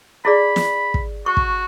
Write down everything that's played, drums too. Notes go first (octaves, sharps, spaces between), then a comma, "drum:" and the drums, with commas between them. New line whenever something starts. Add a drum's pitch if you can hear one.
E4 G#4 D5 B5
drum: snare
drum: kick
F#4 C#6
drum: kick